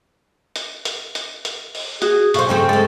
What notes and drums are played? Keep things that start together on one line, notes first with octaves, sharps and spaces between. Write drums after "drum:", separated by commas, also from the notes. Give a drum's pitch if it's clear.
drum: hi-hat
drum: hi-hat
drum: hi-hat
drum: hi-hat
drum: open hi-hat
F#4 G#4, drum: hi-hat
B2 A4 C5 F5 C#6, drum: hi-hat
C#3 A3 C4 D4 G#4 G5
G#3 A3 A6